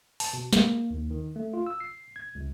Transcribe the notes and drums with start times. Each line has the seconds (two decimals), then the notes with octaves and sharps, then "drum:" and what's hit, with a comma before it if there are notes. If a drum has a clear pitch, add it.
0.20 A5, drum: open hi-hat
0.33 B2
0.53 A#3, drum: snare
0.90 D#2
1.11 D#3
1.36 A3
1.54 F4
1.66 E6
1.80 C7
2.16 G#6
2.35 C#2